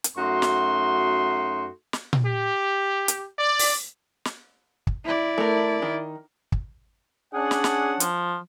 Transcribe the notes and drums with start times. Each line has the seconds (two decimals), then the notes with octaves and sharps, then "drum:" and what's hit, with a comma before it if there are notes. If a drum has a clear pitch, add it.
0.04 drum: hi-hat
0.17 F#2 A3 D#4 F#4 C6
0.42 drum: snare
1.93 drum: snare
2.13 drum: tom A#2
2.24 G4
3.08 drum: hi-hat
3.37 D5
3.59 drum: open hi-hat
4.25 drum: snare
4.87 drum: kick
5.05 E4 D5
5.38 A3 A#4
5.82 D#3
6.52 drum: kick
7.34 C#4 D4 G#4 F#5
7.51 drum: snare
7.64 drum: snare
8.00 F3, drum: hi-hat